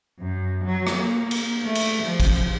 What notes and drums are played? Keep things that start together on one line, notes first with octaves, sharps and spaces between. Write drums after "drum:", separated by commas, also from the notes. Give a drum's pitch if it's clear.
F#2
F#3
drum: rim click
A#3
drum: cymbal
A3
drum: cymbal
F3
drum: kick, cymbal